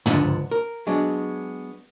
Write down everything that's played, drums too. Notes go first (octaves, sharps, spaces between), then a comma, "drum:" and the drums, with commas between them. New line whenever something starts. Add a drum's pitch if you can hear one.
C#2 G#2 D3 F3 D4, drum: tom
A#4
F#3 G#3 B3 D4